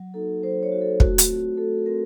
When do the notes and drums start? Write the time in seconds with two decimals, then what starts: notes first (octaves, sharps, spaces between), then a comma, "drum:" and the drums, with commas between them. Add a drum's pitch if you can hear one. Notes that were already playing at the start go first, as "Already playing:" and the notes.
Already playing: F#3
0.14 A#3 D#4 F#4 A4
0.43 F#3 C5
0.63 C#5
0.72 A#3 D#4 F#4
0.81 A4
1.00 A3 F#4, drum: kick
1.18 drum: hi-hat
1.29 C4 F4 F#4
1.57 A3 A4
1.86 C4 F4 A#4